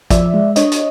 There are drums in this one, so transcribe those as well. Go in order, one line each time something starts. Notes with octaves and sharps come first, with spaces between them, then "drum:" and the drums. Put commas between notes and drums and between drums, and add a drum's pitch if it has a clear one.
F3 D5 E5, drum: kick, hi-hat
G#3
D4 C#5 D#5, drum: hi-hat
drum: hi-hat